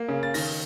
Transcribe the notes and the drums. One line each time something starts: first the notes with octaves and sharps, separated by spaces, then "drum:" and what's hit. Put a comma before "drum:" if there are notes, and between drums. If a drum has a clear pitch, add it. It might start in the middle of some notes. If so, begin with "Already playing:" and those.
Already playing: A#3
C#3
A6
D#3 A#6, drum: open hi-hat